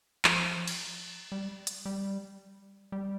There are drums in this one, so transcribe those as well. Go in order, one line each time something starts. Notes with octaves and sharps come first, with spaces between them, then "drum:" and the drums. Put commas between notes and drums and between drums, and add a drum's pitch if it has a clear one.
F3, drum: clap
drum: cymbal
G3
drum: hi-hat
G3
G3